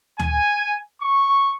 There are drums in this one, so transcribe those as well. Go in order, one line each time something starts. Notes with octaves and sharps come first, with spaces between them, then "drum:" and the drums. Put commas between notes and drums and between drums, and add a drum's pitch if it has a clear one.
G#5, drum: tom D2
C#6